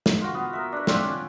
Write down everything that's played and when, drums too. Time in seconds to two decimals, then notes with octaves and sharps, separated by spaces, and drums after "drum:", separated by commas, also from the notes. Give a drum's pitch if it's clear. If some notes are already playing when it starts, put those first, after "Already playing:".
0.06 drum: snare
0.21 F4 F#4
0.34 B3
0.53 A#4 E5
0.72 D4 B4
0.87 C4 F4 D5 F#5, drum: snare
1.03 C#4